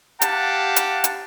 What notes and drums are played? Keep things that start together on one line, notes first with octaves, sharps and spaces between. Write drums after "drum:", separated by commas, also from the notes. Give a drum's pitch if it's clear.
G4 F5 F#5 A5, drum: hi-hat
drum: hi-hat
drum: hi-hat